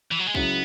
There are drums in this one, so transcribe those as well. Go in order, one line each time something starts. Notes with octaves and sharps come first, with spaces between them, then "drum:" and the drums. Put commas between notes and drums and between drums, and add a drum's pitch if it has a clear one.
E3
F#3
G#3
C#2 C#3 F#3 B3 E4, drum: kick